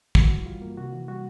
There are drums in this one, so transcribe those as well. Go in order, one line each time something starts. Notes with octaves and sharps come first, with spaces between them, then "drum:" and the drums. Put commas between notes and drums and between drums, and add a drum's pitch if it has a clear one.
G2 F#4, drum: kick
E3
G3 F4
A#3
C3 F#4
E3
G3 F#4